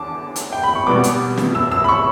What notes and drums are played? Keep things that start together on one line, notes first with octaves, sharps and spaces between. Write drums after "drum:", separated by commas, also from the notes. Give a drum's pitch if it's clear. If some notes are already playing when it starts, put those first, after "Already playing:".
Already playing: E2 D3 A5 D6
drum: hi-hat
G5
B5
C#6
B2 G3 B3 D6
drum: hi-hat
drum: snare
E6
E6
B5
C#6